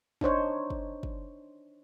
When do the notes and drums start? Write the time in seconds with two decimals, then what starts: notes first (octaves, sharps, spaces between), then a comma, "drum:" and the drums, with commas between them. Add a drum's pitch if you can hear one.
0.21 D4 D#4 C5 C#5, drum: kick
0.70 drum: kick
1.03 drum: kick